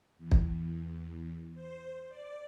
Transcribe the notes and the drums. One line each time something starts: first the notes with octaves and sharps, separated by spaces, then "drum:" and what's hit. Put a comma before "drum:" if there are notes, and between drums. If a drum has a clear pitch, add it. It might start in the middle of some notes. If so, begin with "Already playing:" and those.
E2
drum: kick
C5
D5